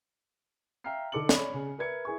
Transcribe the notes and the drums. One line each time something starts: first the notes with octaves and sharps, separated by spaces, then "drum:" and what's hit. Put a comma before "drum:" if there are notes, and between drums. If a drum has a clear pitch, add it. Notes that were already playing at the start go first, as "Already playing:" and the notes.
E5 F5 G5 A#5 F6 C7
D3 D#4 A4 D6 C#7 F#7
C#5 D5 B5, drum: snare
C#3
A#4 B4 E5 G#6 C#7
E4 G#4 B4 C#6